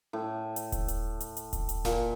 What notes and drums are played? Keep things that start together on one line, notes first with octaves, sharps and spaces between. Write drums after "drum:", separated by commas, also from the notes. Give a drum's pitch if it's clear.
A2
drum: hi-hat
drum: kick D#1, hi-hat
drum: hi-hat
drum: hi-hat
drum: hi-hat
drum: kick D#1, hi-hat
drum: hi-hat
A#2, drum: snare F1